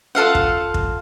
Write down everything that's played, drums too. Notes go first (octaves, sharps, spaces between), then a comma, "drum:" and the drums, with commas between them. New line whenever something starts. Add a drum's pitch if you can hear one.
F4 A4 F5 F#5
drum: kick
drum: kick